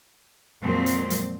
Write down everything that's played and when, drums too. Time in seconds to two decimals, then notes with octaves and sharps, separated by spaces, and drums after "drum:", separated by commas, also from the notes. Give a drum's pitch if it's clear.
0.62 F2 A#2 F3 F#3 G#3 C4
0.86 drum: hi-hat
1.10 drum: hi-hat